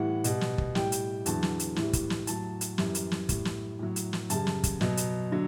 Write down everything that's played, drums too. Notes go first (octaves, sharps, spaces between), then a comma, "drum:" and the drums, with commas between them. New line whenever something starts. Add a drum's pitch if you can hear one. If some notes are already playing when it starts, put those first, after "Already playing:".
Already playing: A2 E3 G3 F#5
B2 G3, drum: hi-hat
drum: snare
drum: kick
A2 G3 G5, drum: snare
drum: hi-hat
E2 D3 F#3 A5, drum: hi-hat
drum: snare
drum: hi-hat
A2 E3 G3, drum: snare
drum: kick, hi-hat
drum: snare
A2 F#3 A5, drum: hi-hat
drum: hi-hat
F#2 E3 G3, drum: snare
drum: hi-hat
drum: snare
A2 G3, drum: kick, hi-hat
drum: snare
A2 F#3
drum: hi-hat
drum: snare
F#2 C#3 G3 A5, drum: hi-hat
drum: snare
drum: kick, hi-hat
B2 F#3, drum: snare
drum: hi-hat
D3 F#3